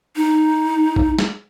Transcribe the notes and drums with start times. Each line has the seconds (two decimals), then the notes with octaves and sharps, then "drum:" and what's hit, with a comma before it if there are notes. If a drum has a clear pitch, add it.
0.16 D#4
0.96 drum: kick A1
1.19 drum: snare